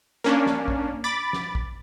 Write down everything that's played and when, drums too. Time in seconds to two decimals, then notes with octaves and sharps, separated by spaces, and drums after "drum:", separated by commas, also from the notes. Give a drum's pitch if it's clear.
0.24 A#3 C#4 D4
0.46 drum: snare
0.68 drum: kick
1.04 B5 D6 A6
1.33 drum: snare
1.55 drum: kick